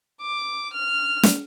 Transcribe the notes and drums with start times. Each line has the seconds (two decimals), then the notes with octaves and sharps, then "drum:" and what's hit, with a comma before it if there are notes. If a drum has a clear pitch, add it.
0.22 D6
0.73 F6
1.23 drum: snare